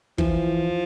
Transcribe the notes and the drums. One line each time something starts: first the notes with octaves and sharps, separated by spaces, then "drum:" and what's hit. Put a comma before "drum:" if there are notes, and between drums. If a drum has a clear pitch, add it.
E3 F3, drum: kick